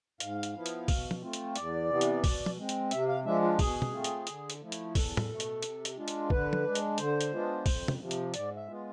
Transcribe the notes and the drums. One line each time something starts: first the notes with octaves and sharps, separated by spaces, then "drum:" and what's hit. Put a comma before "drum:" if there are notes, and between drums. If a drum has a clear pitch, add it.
G#2 F5, drum: hi-hat
drum: hi-hat
F3 B3 E4
drum: hi-hat
B2, drum: kick A#1, open hi-hat
drum: tom
A3 C4 F4
drum: hi-hat
E2 D5, drum: hi-hat
C3 E3 B3
drum: hi-hat
B2, drum: kick A#1, open hi-hat
drum: tom
G#3 C4
drum: hi-hat
C3 E5, drum: hi-hat
F5
F3 G#3 D4 E5
F4
B2 G#4, drum: kick A#1, open hi-hat
drum: tom
A3 C4 F4
drum: hi-hat
D3, drum: hi-hat
drum: hi-hat
F3 A3 E4
drum: hi-hat
E2 A4, drum: kick A#1, open hi-hat
drum: tom A2
B2 A3
drum: hi-hat
C3, drum: hi-hat
drum: hi-hat
G#3 D4 F4
drum: hi-hat
D3 B4, drum: kick A#1
drum: tom
G#3 D4
drum: hi-hat
D3 C5, drum: hi-hat
drum: hi-hat
G#3 B3 D4 F4
F2, drum: kick A#1, open hi-hat
drum: tom
C3 F3
drum: hi-hat
G#2 D5, drum: hi-hat
E5
G#3 B3 F4